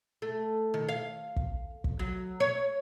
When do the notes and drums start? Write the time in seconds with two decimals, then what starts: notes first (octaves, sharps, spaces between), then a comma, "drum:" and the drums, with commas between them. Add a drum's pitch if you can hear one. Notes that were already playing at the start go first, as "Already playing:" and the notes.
0.22 A3
0.74 D#3
0.89 F5
1.36 drum: kick
1.84 drum: kick
1.99 F#3
2.40 C#5